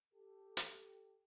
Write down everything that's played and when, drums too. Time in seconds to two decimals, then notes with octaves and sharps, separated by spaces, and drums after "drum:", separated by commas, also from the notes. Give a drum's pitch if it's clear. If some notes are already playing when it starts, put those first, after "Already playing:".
0.14 G4 A4
0.57 drum: hi-hat